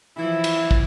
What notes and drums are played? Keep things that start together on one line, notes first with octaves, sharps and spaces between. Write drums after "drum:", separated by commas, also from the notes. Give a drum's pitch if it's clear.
E3 F3 E4
drum: cymbal
drum: kick